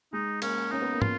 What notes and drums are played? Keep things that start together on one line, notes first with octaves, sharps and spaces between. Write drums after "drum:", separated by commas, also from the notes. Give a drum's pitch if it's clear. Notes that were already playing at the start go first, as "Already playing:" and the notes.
G#3 D#4
A#3 C#4, drum: cymbal
C#4 D#4
B3
A#3
F4, drum: tom